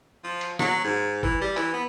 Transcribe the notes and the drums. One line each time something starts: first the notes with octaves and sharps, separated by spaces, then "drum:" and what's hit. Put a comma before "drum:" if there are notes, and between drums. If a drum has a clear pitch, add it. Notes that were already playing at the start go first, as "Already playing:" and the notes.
F3
drum: cymbal
F#3, drum: snare
G#2
E3, drum: kick G1
G3
E3, drum: clap
B3